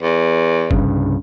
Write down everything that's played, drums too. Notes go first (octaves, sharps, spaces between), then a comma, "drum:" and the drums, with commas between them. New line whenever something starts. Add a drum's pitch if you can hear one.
E2
C2 G2 C#3, drum: kick G1